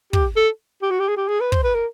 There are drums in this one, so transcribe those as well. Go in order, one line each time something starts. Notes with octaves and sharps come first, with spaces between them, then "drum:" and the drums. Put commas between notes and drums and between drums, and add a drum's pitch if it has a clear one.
G4, drum: kick
A4
G4
F#4
G4
G#4
G4
G#4
B4
C5, drum: kick
B4
A#4